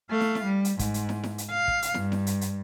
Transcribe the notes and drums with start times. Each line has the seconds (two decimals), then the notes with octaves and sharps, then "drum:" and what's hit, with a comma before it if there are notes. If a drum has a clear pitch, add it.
0.11 A3 F5
0.20 drum: snare
0.35 drum: snare
0.45 G3
0.65 drum: hi-hat
0.79 G#2, drum: kick, hi-hat
0.94 drum: hi-hat
1.09 drum: snare
1.23 drum: snare
1.38 drum: hi-hat
1.50 F5
1.68 drum: kick
1.82 drum: hi-hat
1.94 G2, drum: snare
2.12 drum: snare
2.27 drum: hi-hat
2.41 drum: hi-hat